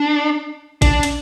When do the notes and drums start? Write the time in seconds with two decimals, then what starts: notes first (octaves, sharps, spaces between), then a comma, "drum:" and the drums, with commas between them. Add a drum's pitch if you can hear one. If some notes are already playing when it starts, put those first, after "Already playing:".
Already playing: D4
0.82 D4, drum: kick G#1, hi-hat
1.03 drum: hi-hat